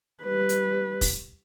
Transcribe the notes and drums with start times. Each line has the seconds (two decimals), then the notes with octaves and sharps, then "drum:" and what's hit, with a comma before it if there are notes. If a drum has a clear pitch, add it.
0.23 G3 B4
0.49 drum: hi-hat
1.01 drum: kick, open hi-hat